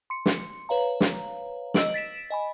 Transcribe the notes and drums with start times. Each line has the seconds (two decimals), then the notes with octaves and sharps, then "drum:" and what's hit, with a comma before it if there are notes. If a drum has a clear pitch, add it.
0.10 C6 C#7
0.26 drum: snare
0.69 B4 C#5 F5 A#5
1.01 drum: snare
1.74 D#5 E6 D7 F#7, drum: snare
1.94 A6 B6 D7 E7
2.30 D#5 G#5 B5